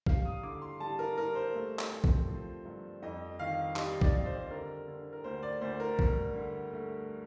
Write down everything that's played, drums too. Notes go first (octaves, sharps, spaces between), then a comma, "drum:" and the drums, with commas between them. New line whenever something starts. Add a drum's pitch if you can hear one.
G3 F5, drum: kick A#1
D#6
D3 D6
C6
G3 A5
A#4
G3 A#4
C5
A3
drum: clap
C4
drum: kick A#1
F3
G2
F2 D#5
D#3 F5
G3 D#5, drum: clap
D5, drum: kick A#1
G3
C5
D3 A#4
D3
A#4
D2 C5
D5
D2 C5
A#4
G2, drum: kick A#1
D3
A3